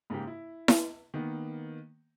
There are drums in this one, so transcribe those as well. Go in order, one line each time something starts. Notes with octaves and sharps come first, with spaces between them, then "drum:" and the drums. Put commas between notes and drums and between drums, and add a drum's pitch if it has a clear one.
G#2 C#3 A#3 G4
E4
drum: snare E4
D#3 A#3 B3